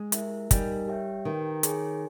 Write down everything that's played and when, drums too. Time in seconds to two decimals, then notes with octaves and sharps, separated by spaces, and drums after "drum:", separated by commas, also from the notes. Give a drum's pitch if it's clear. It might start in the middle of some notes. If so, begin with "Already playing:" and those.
Already playing: G#3
0.12 E4 G4 A#4 E5, drum: hi-hat
0.51 G3 D#4 A#4 D#5 G#5, drum: kick, hi-hat
0.88 G4 C#5 E5 G5
1.25 D#3 G4 B4 G5
1.63 G#4 C#5 G#5, drum: hi-hat